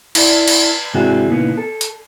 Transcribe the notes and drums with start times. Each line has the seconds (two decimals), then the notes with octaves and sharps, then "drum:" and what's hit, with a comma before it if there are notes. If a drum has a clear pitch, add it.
0.15 E4 D5, drum: cymbal
0.48 drum: cymbal
0.94 G#2 C3 E3 D4 F#4 G#4
1.30 A#2 C#3 E3 B3 D#4
1.58 A4
1.81 drum: hi-hat